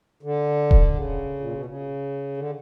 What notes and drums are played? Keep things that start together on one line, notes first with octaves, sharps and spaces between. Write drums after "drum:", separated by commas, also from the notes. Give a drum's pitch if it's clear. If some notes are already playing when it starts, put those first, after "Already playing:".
D3
drum: kick D#1
C#3
A#2
B2
C#3
D3